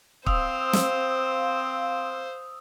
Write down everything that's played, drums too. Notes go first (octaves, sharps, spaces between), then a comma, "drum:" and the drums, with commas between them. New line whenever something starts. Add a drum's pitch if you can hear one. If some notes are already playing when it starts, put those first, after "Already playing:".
C4 C5 F5 D#6 E6, drum: kick
drum: snare